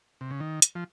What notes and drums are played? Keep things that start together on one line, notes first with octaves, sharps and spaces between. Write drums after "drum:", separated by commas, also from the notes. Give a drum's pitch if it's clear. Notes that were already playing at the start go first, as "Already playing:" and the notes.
C3
C#3
D#3
drum: hi-hat
F3